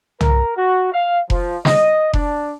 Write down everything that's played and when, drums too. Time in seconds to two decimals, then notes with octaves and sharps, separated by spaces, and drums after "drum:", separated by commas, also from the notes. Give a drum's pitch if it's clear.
0.21 A#4, drum: tom
0.57 F#4
0.93 F5
1.30 F3, drum: kick F1
1.65 D#5, drum: snare
2.13 D4, drum: kick F1